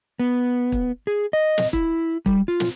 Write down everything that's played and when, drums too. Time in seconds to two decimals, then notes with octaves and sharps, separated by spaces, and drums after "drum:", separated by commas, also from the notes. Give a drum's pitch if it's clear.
0.20 B3
0.72 drum: kick
1.07 G#4
1.33 D#5
1.58 drum: snare
1.73 E4, drum: kick
2.26 G3, drum: kick
2.48 F4
2.60 drum: snare